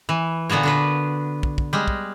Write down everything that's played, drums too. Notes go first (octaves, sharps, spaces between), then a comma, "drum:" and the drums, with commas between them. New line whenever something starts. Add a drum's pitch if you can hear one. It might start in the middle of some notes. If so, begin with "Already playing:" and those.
E3
A#2 D3 B3 F#4 C#5
D3 D4 B4
drum: kick
drum: kick
G3 G#3
drum: kick